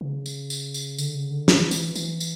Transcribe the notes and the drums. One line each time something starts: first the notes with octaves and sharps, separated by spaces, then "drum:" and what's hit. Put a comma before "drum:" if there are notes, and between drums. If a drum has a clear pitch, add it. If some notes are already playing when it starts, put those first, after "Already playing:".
C#3
drum: tambourine
drum: tambourine
drum: tambourine
D3, drum: tambourine
C#3
D3
E3, drum: snare
E3, drum: tambourine
E3, drum: tambourine
drum: tambourine